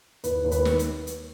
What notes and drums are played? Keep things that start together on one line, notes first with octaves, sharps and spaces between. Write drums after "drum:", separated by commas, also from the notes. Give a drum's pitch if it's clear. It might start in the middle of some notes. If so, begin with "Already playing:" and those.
D#2 B4, drum: hi-hat
D#2
B4, drum: hi-hat
drum: snare
drum: hi-hat
drum: hi-hat